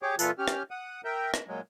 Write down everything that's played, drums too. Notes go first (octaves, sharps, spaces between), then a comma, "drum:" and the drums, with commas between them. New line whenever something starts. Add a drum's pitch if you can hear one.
G4 G#4 C#5 D6
A#2 E3 F4 A4 B4, drum: tambourine
C#4 G4 F6
drum: rim click
F#5 D#6
A#4 E5 G5
drum: rim click
A#2 F#3 G#3